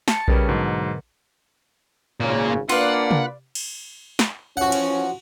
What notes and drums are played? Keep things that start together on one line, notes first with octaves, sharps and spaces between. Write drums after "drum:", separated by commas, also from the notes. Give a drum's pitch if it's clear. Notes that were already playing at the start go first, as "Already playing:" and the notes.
A5 A6 C#7, drum: snare
C#3 G3 C#4 A#4 B4, drum: kick A#1
G#2 B2 D3 F#3
G#1 A#2 C#3 A#3
A#3 D4 F4 B4 D5 F5 F#5, drum: open hi-hat
drum: tom C3
drum: cymbal
drum: snare
E3 F3 C#4 F#4 F#5
drum: cymbal